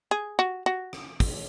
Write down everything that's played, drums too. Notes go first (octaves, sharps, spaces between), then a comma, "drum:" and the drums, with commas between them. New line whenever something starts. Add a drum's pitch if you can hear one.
G#4
F#4
F#4
drum: rim click
drum: kick, open hi-hat